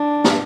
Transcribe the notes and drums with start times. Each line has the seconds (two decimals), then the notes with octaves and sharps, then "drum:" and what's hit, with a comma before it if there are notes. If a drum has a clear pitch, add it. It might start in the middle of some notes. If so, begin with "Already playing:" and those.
Already playing: D4
0.24 drum: snare